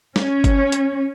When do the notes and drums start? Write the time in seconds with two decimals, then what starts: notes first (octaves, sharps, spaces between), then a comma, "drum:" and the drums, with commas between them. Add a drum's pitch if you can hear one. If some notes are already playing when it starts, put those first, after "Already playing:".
0.16 C#4, drum: snare
0.44 drum: kick G1, hi-hat
0.72 drum: hi-hat